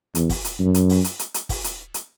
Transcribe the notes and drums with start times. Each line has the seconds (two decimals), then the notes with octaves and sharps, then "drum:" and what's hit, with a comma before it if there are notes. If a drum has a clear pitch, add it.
0.15 E2, drum: hi-hat
0.29 drum: kick, open hi-hat
0.44 drum: hi-hat
0.60 F#2
0.74 drum: hi-hat
0.89 drum: open hi-hat
1.04 drum: hi-hat
1.19 drum: hi-hat
1.34 drum: hi-hat
1.49 drum: kick, open hi-hat
1.64 drum: hi-hat
1.94 drum: hi-hat